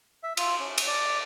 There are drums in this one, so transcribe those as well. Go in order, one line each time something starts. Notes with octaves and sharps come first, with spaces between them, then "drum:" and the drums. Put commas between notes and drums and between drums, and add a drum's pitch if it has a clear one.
E5
F4, drum: cymbal
C#4
drum: cymbal
D5